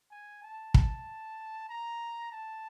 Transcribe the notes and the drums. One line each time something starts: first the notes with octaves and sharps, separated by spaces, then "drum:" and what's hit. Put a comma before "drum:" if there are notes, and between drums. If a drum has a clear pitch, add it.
G#5
A5
drum: kick
A#5
A5